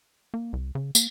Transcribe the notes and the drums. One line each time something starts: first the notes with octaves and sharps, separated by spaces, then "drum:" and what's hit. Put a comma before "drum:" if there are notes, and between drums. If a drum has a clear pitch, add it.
A#3
C2
C#3
A#3, drum: tambourine